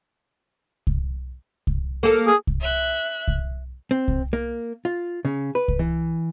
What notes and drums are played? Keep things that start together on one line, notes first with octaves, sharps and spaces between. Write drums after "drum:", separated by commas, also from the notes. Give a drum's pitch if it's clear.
drum: kick C2
drum: kick C2
A#3 A4
G#4
drum: kick C2
E5 F#6
drum: kick C2
C4
drum: kick C2
A#3
F4
C#3
B4
drum: kick C2
E3